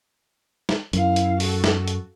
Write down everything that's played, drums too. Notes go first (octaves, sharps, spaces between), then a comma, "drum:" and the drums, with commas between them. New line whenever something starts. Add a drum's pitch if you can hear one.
drum: snare
F#2 E4 F5, drum: hi-hat
drum: hi-hat
F#4 A4, drum: open hi-hat
drum: snare
drum: hi-hat